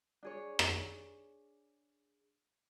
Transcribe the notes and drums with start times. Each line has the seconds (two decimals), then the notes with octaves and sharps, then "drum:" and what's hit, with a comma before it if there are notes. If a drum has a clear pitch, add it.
0.23 D4 G#4 C#5
0.59 drum: rim click